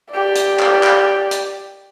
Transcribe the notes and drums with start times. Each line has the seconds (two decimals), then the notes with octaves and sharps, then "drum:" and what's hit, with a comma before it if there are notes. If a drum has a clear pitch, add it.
0.11 G4 D5
0.35 drum: hi-hat
0.59 drum: clap
0.83 drum: clap
1.31 drum: hi-hat